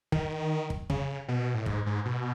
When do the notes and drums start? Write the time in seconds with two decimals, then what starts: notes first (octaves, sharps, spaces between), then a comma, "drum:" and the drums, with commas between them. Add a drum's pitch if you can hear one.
0.12 D#3, drum: kick
0.70 drum: kick
0.90 C#3, drum: kick
1.28 B2
1.54 A2
1.66 G#2, drum: kick
1.86 G#2
2.05 B2